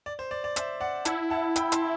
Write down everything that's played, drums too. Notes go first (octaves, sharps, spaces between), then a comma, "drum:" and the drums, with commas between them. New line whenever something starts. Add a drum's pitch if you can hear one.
D5
C5
D5
D5
C5 E5, drum: hi-hat
D5 F#5
E4 F#5 A5, drum: hi-hat
F#5 A5
G5 B5, drum: hi-hat
A5 C6, drum: hi-hat